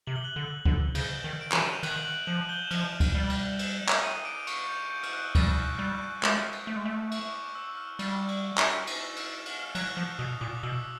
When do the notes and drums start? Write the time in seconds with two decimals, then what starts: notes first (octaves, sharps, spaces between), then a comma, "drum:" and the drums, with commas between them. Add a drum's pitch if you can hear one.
0.07 C3 F#7
0.16 G7
0.24 F#6 F#7
0.36 D3
0.65 D3, drum: kick C#2
0.95 C#3 G6 G7, drum: cymbal
1.24 D#3
1.41 D7
1.52 E3 D#7, drum: clap
1.62 E7
1.72 F7
1.83 D#3 F#6 F#7, drum: cymbal
2.05 F#6 F#7
2.27 F3 F#6 F#7
2.49 G6 G7
2.64 E7
2.71 F3 F6 F7, drum: cymbal
3.00 drum: kick C#2, cymbal
3.15 G3
3.30 drum: cymbal
3.59 drum: cymbal
3.88 drum: clap
4.02 D#6 D#7
4.25 D6 D7
4.47 C#6 C#7, drum: cymbal
4.69 G6
4.90 G6
5.03 F6, drum: cymbal
5.13 F#6
5.25 E6
5.35 G3 F6, drum: kick C#2, cymbal
5.57 F#6
5.70 G6
5.78 G3 F#6
6.01 F#6
6.23 G#3, drum: clap
6.52 drum: cymbal
6.67 A3
6.76 G#3
6.85 A3
7.11 C#6, drum: cymbal
7.33 D6
7.55 E6
7.77 F6
7.99 G3, drum: cymbal
8.28 drum: cymbal
8.58 drum: clap
8.87 drum: cymbal
9.16 drum: cymbal
9.46 drum: cymbal
9.63 F6
9.75 F#3 F#6, drum: cymbal
9.97 F3
10.19 B2 D#6
10.41 A#2 D6
10.63 B2 E6